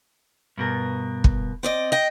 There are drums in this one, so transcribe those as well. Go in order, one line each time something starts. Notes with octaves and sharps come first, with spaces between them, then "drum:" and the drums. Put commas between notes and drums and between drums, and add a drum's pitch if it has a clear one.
G2 B2 A#4
drum: kick
C4 D5 D#5
D#5 G5